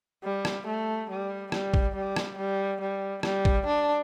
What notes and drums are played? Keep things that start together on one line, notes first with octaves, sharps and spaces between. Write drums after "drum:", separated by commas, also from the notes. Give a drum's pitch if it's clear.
G3
drum: rim click
A3
G3
G3, drum: rim click
drum: kick
G3
drum: rim click
G3
G3
G3, drum: rim click
drum: kick
D4